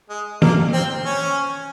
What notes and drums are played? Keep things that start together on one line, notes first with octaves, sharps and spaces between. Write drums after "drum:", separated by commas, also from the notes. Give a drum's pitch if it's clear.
G#3
A#3, drum: tom
C4
C#4